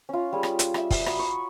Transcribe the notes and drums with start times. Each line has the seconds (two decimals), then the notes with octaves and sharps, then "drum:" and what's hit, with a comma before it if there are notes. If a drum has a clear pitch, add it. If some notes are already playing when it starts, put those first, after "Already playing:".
0.09 C#4 F4
0.33 G3 G#4
0.43 drum: rim click
0.59 drum: hi-hat
0.74 G4 E5, drum: rim click
0.91 drum: kick, open hi-hat
1.06 F#4 A#5 B5 D#6, drum: rim click
1.19 C#6